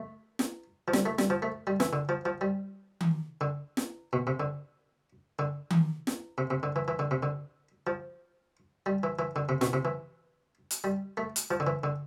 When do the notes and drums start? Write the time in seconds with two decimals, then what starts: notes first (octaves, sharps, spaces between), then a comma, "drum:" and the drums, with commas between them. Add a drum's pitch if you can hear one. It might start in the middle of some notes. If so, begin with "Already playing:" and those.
Already playing: A3
0.39 drum: snare
0.88 F3
0.93 G3, drum: snare
1.06 A3
1.18 G3, drum: snare
1.30 F3
1.42 A3
1.67 G3
1.80 E3, drum: snare
1.93 D3
2.09 F3
2.25 F3
2.41 G3
3.01 drum: tom D#3
3.41 D3
3.77 drum: snare
4.13 B2
4.27 C3
4.40 D3
5.39 D3
5.70 drum: tom D#3
6.07 drum: snare
6.38 C3
6.50 C3
6.63 D3
6.76 E3
6.88 E3
6.99 D3
7.11 C3
7.23 D3
7.87 F3
8.86 G3
9.03 E3
9.19 E3
9.36 D3
9.49 C3
9.61 B2, drum: snare
9.73 C3
9.85 E3
10.71 drum: hi-hat
10.84 G3
11.17 A3
11.36 drum: hi-hat
11.51 F3
11.60 D3
11.67 E3
11.84 D3